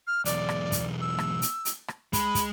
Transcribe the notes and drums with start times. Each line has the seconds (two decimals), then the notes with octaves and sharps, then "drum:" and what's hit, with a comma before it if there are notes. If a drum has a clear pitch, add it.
0.07 F6
0.25 B1 E2 D5, drum: hi-hat
0.49 drum: rim click
0.72 drum: kick, hi-hat
1.01 E6
1.18 drum: rim click
1.42 drum: hi-hat
1.65 drum: hi-hat
1.88 drum: rim click
2.13 G#3 B5, drum: kick, hi-hat
2.35 drum: kick, hi-hat